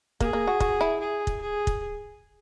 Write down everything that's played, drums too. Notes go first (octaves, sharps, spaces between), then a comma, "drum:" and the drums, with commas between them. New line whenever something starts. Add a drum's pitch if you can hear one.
A#3 G#4, drum: kick
A#3
F#4
F#4, drum: kick
E4
G#4
drum: kick
G#4
drum: kick